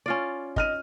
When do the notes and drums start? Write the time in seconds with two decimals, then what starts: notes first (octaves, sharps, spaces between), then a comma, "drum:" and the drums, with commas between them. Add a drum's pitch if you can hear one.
0.06 C#4 F4 D5
0.56 D#5 F6 D#7, drum: kick